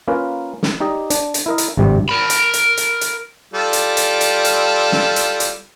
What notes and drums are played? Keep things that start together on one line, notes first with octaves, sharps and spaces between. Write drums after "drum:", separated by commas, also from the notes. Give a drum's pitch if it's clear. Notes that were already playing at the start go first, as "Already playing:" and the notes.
A#3 C#4 F4 A#4 B4
drum: snare
D#4 G4 D5 D#5
D4, drum: hi-hat
drum: hi-hat
E4 A#4 D#5
drum: hi-hat
G#1 G2 C3 G3
A#4 B5
drum: hi-hat
drum: hi-hat
drum: hi-hat
drum: hi-hat
G3 F4 A4
drum: hi-hat
drum: hi-hat
drum: hi-hat
drum: hi-hat
drum: snare
drum: hi-hat
drum: hi-hat